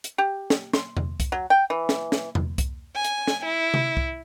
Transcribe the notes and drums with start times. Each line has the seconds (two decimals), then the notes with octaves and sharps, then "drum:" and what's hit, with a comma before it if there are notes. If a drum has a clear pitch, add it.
0.04 drum: hi-hat
0.18 G4
0.50 drum: snare
0.73 C6, drum: snare
0.97 drum: tom E2
1.20 drum: kick C2, hi-hat
1.32 F#3
1.50 G5
1.70 E3
1.89 drum: snare
2.12 drum: snare
2.35 drum: tom E2
2.58 drum: kick C2, hi-hat
2.95 G#5
3.04 drum: hi-hat
3.28 drum: snare
3.45 E4
3.74 drum: tom C3
3.97 drum: kick C2